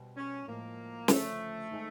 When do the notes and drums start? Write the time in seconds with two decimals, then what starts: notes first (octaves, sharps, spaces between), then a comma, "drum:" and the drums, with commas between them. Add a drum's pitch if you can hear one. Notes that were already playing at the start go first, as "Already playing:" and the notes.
Already playing: B2 G3 C4
0.17 C#4
0.47 A2 F3 G#3 A#3
1.08 D2 C#3 F3 A3, drum: snare
1.71 D#3 G#3 C4 D#4 G#4